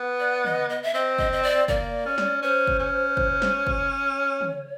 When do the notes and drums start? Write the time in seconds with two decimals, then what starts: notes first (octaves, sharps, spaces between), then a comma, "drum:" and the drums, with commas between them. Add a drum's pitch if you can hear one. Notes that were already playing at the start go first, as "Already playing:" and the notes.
Already playing: B3
0.20 D5
0.45 D#5, drum: tom
0.70 D#5
0.83 E5
0.94 C4 D#5
1.18 D#5, drum: kick
1.33 D#5
1.43 D5
1.68 A#3 D5, drum: kick
2.06 C#4
2.18 drum: snare
2.42 C#4 C5
2.67 drum: kick
2.79 C#4
3.17 drum: kick
3.42 drum: snare
3.67 drum: kick
3.91 C#5
4.41 drum: tom